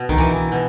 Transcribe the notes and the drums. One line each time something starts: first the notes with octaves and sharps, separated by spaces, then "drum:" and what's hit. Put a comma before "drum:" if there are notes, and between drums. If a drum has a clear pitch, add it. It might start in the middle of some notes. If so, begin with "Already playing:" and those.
Already playing: B2
D#3, drum: kick C2
E3
B2